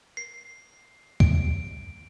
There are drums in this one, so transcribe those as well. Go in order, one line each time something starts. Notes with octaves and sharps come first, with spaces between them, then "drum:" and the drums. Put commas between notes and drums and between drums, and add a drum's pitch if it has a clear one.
C7
D7, drum: kick D2